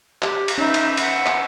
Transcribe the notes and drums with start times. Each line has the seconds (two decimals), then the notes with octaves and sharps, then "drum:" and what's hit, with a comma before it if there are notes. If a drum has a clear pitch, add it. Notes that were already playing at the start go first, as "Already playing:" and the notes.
0.22 G4, drum: clap
0.48 drum: cymbal
0.58 C#4 D#4 B4 E5
0.74 drum: cymbal
0.97 F#5, drum: cymbal
1.26 drum: clap